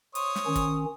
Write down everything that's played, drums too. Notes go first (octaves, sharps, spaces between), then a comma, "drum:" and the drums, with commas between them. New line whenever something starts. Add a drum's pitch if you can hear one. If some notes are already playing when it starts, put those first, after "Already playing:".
C5 C#5 D#6, drum: hi-hat
drum: snare
D#3 C#4
drum: kick, hi-hat